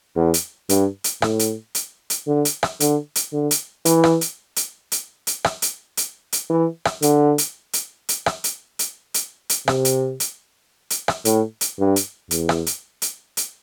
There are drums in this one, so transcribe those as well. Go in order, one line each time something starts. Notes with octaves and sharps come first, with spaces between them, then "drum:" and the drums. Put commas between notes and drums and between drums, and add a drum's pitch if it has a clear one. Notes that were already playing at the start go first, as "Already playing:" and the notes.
E2
drum: hi-hat
G2, drum: hi-hat
drum: hi-hat
A2, drum: rim click
drum: hi-hat
drum: hi-hat
drum: hi-hat
D3
drum: hi-hat
drum: rim click
D3, drum: hi-hat
drum: hi-hat
D3
drum: hi-hat
E3, drum: hi-hat
drum: rim click
drum: hi-hat
drum: hi-hat
drum: hi-hat
drum: hi-hat
drum: rim click
drum: hi-hat
drum: hi-hat
drum: hi-hat
E3
drum: rim click
D3, drum: hi-hat
drum: hi-hat
drum: hi-hat
drum: hi-hat
drum: rim click
drum: hi-hat
drum: hi-hat
drum: hi-hat
drum: hi-hat
C3, drum: rim click
drum: hi-hat
drum: hi-hat
drum: hi-hat
drum: rim click
A2, drum: hi-hat
drum: hi-hat
G2
drum: hi-hat
E2, drum: hi-hat
drum: rim click
drum: hi-hat
drum: hi-hat
drum: hi-hat